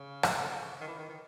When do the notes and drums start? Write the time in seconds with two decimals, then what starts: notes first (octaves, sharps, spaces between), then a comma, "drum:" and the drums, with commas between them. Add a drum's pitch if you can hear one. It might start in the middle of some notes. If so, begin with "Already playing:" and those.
Already playing: C#3
0.23 drum: rim click
0.81 D#3
0.88 E3
0.99 D#3
1.09 D#3